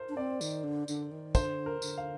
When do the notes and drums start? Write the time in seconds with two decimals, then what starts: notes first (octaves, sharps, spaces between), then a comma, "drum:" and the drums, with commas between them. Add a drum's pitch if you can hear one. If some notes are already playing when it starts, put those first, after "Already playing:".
Already playing: A#4 C5
0.09 D4
0.17 C4 D5
0.41 D#3, drum: tambourine
0.64 D3
0.88 D3, drum: tambourine
1.11 D#3
1.35 D3 C5, drum: kick, tambourine
1.66 A#4
1.82 D3, drum: tambourine
1.98 F5